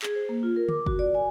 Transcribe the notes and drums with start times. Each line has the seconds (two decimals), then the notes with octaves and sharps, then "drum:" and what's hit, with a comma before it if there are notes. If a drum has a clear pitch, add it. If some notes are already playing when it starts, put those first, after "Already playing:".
0.03 G#4, drum: clap
0.15 C5
0.29 A#3
0.43 F4
0.56 A#4
0.69 D6, drum: tom D3
0.86 F#4, drum: kick
0.99 D5
1.15 G#5